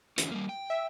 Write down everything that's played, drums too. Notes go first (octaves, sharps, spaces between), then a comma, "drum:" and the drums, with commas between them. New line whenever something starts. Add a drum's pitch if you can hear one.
D3 E3 C#4, drum: hi-hat
G3 A#3
G5
E5